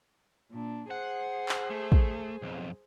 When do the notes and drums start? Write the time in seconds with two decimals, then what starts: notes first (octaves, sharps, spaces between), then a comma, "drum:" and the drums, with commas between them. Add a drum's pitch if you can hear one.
0.50 A#2 D4
0.91 G#4 C5 F#5
1.49 drum: clap
1.70 A3
1.92 drum: kick
2.42 B1 F2